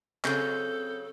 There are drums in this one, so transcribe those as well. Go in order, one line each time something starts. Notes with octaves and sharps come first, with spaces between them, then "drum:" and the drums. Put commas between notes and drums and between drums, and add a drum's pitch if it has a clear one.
C#3 F#3 C4 A4 G6, drum: clap